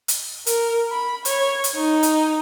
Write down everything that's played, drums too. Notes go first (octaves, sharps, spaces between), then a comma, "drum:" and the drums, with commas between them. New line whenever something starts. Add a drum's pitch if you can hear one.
drum: hi-hat
A#4, drum: hi-hat
B5
C#5, drum: hi-hat
drum: hi-hat
D#4
drum: hi-hat